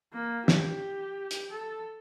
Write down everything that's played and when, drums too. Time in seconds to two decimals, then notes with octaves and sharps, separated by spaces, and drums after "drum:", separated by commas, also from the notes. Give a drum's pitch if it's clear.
0.13 A#3
0.48 G4, drum: snare
1.31 drum: hi-hat
1.51 A4